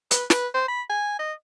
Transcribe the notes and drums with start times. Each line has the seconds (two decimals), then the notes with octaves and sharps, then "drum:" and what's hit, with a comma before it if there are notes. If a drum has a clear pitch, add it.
0.11 B4, drum: hi-hat
0.30 B4, drum: snare
0.54 C5
0.68 B5
0.90 G#5
1.19 D#5